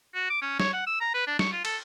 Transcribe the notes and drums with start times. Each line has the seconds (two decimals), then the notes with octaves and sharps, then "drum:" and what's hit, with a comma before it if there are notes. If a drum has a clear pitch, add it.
0.15 F#4
0.30 D6
0.42 C#4
0.60 C#5, drum: snare
0.73 F#5
0.87 E6
1.01 A#5
1.14 B4
1.27 D4
1.39 C#6, drum: snare
1.53 F4
1.65 A4, drum: cymbal